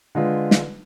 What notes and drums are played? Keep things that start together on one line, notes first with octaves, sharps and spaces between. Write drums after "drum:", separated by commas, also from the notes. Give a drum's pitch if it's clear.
D3 G#3 F4 B4
drum: snare